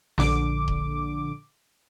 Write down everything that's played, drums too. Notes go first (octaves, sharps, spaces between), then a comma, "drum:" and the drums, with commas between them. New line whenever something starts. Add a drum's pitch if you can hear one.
A#1 D3 D6, drum: snare
drum: kick D#1